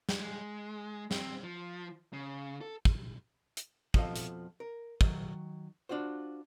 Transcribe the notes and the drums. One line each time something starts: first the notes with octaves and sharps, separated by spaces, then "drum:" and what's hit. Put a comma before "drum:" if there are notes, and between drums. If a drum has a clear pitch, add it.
drum: snare
G#3
C4, drum: snare
F3
C#3
A4
drum: kick
drum: hi-hat
F2 B2 F3 A4 D#5 F5, drum: kick
drum: hi-hat
A#4
D#3 F#3, drum: kick
D4 F4 F#4 C5